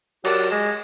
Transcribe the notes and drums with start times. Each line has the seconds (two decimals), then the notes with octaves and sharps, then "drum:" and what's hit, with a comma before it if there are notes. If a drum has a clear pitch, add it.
0.25 F#3 G4 A#4 D5, drum: cymbal
0.51 G#3